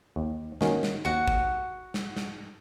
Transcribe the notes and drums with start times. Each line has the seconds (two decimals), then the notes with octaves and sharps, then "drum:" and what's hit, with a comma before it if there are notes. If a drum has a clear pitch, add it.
0.16 D#2
0.61 D#3 A#3 C#4 F#4, drum: snare
0.83 drum: snare
1.05 D#2 F#4 F#5
1.28 drum: kick
1.94 drum: snare
2.16 drum: snare